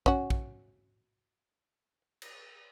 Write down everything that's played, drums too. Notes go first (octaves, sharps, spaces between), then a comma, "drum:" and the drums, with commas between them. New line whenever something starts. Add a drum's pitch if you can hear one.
C#4 F#4, drum: kick
drum: kick
drum: cymbal